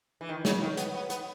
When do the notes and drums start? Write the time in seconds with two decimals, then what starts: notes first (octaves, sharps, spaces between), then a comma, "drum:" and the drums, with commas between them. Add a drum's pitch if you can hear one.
0.21 E3
0.29 D#3
0.45 C#3, drum: snare
0.62 D#3
0.77 B3, drum: hi-hat
0.95 B3
1.10 B3, drum: hi-hat